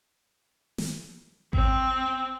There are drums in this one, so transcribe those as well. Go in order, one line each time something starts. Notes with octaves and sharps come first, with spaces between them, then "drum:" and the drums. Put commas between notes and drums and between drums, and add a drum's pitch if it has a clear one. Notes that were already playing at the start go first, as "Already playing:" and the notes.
drum: snare
C4, drum: kick G#1